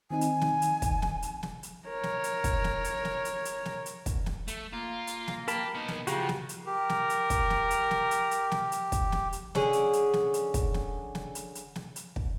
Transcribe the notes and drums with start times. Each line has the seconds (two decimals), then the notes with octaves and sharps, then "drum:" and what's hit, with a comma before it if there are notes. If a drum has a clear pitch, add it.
0.11 D#3 C4 D#4 G#5
0.21 drum: hi-hat
0.41 drum: snare
0.62 drum: hi-hat
0.82 drum: kick, hi-hat
1.02 drum: snare
1.22 drum: hi-hat
1.43 drum: snare
1.63 drum: hi-hat
1.88 A#4 C#5
2.03 drum: snare
2.24 drum: hi-hat
2.44 drum: kick, hi-hat
2.64 drum: snare
2.84 drum: hi-hat
3.05 drum: snare
3.25 drum: hi-hat
3.45 drum: hi-hat
3.65 drum: snare
3.86 drum: hi-hat
4.06 drum: kick, hi-hat
4.26 drum: snare
4.48 A3, drum: hi-hat
4.73 A#3 F4
5.07 drum: hi-hat
5.27 drum: snare
5.48 G4 A#4 A5 B5, drum: hi-hat
5.75 B3 D#4
5.88 drum: snare
6.07 C#3 F3 F#4 G4 A#5, drum: hi-hat
6.29 drum: snare
6.49 drum: hi-hat
6.66 G4 A#4
6.89 drum: snare
7.10 drum: hi-hat
7.30 drum: kick, hi-hat
7.50 drum: snare
7.70 drum: hi-hat
7.91 drum: snare
8.11 drum: hi-hat
8.31 drum: hi-hat
8.52 drum: snare
8.72 drum: hi-hat
8.92 drum: kick, hi-hat
9.12 drum: snare
9.33 drum: hi-hat
9.55 D3 C#4 G#4, drum: snare
9.73 drum: hi-hat
9.93 drum: hi-hat
10.14 drum: snare
10.34 drum: hi-hat
10.54 drum: kick, hi-hat
10.74 drum: snare
11.15 drum: snare
11.35 drum: hi-hat
11.55 drum: hi-hat
11.76 drum: snare
11.96 drum: hi-hat
12.16 drum: kick